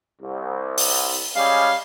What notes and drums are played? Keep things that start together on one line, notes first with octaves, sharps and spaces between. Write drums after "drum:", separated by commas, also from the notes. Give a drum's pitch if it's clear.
C2
drum: open hi-hat
G3 G#3 C#4 F5